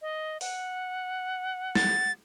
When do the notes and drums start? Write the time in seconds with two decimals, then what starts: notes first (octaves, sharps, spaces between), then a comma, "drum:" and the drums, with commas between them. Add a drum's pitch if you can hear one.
0.02 D#5
0.41 F#5, drum: open hi-hat
1.75 A6, drum: snare